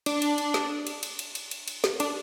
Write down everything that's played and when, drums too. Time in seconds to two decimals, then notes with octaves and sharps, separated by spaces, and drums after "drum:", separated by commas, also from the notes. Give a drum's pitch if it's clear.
0.06 D4, drum: cymbal
0.22 drum: cymbal
0.38 drum: cymbal
0.54 drum: snare
0.87 drum: cymbal
1.03 drum: cymbal
1.19 drum: cymbal
1.35 drum: cymbal
1.51 drum: cymbal
1.68 drum: cymbal
1.84 drum: snare
2.00 D4, drum: cymbal